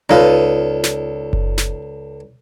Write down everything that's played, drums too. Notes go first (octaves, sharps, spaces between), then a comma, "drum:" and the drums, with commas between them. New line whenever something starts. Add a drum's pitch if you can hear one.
C#2 D#4 F4 A4 B4 C#5 D5
drum: snare
drum: kick F#1
drum: snare